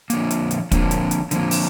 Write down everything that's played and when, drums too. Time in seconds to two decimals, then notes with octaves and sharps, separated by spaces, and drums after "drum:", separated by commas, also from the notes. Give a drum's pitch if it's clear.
0.10 D3 F3 A#3, drum: hi-hat
0.31 drum: hi-hat
0.51 drum: hi-hat
0.71 D3 F3 A#3, drum: kick, hi-hat
0.91 drum: hi-hat
1.11 drum: hi-hat
1.31 D3 F3 A#3, drum: hi-hat
1.51 drum: open hi-hat